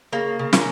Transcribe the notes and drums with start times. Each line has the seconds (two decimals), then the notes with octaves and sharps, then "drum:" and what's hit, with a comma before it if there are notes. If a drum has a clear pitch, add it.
0.13 C#3 A#3
0.39 C#3
0.53 A#3 C#4, drum: snare